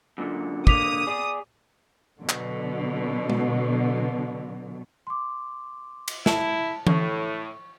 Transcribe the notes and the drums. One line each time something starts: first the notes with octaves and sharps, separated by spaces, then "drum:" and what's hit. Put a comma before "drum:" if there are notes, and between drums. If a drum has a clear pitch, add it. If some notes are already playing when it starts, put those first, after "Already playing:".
F#2 A#2 D3
D3 A#3 D6 D#6 B6 F7, drum: kick
G#4 D5
B2 D3 F#3
drum: clap
drum: tom G#3
C6 D6
drum: cymbal
E4 A5, drum: snare
A2 C#6, drum: tom E3